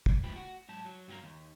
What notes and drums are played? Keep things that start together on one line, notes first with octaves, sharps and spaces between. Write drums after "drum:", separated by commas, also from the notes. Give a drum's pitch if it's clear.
drum: kick
C#2 A2 F3 A3 G4 B4
F#4
G#2 F#3 A5
F#3
G2 F#3 A#3 A#4
D#2